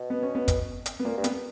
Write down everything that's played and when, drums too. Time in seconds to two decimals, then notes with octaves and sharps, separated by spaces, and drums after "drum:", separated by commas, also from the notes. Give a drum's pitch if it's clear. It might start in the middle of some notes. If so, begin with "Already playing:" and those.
Already playing: B2
0.10 B3
0.23 C#4
0.35 B3
0.48 drum: kick, hi-hat
0.86 drum: hi-hat
1.00 B3
1.05 A#2 A#3
1.17 G2
1.24 B3, drum: hi-hat